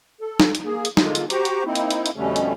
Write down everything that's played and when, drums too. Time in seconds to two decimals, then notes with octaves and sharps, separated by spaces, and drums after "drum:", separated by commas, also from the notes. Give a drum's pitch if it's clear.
0.21 A4
0.40 drum: snare
0.55 drum: hi-hat
0.65 A#3 G#4
0.85 drum: hi-hat
0.97 D3 G#3 A#3 F4, drum: snare
1.15 drum: hi-hat
1.30 F#4 G4 C5 A#5 C#6 D6, drum: hi-hat
1.45 drum: hi-hat
1.65 A#3 C4 D#4 E4
1.75 drum: hi-hat
1.91 drum: hi-hat
2.06 drum: hi-hat
2.16 F2 B2 D3 G3 A3 C#4
2.36 drum: hi-hat